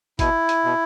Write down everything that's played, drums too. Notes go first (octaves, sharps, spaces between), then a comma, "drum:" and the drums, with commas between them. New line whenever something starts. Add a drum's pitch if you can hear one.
B2 E4, drum: kick, hi-hat
drum: hi-hat
B2